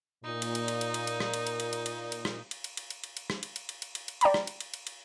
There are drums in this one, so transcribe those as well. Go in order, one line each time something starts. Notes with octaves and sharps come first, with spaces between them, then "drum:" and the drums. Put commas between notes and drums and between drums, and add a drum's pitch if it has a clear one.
A#2 D#4
drum: cymbal
drum: cymbal
drum: cymbal
drum: cymbal
drum: cymbal
drum: cymbal
drum: rim click
drum: cymbal
drum: cymbal
drum: cymbal
drum: cymbal
drum: cymbal
drum: cymbal
drum: rim click
drum: cymbal
drum: cymbal
drum: cymbal
drum: cymbal
drum: cymbal
drum: cymbal
drum: rim click
drum: cymbal
drum: cymbal
drum: cymbal
drum: cymbal
drum: cymbal
drum: cymbal
D5 G5 A#5 B5, drum: cymbal
drum: rim click
drum: cymbal
drum: cymbal
drum: cymbal
drum: cymbal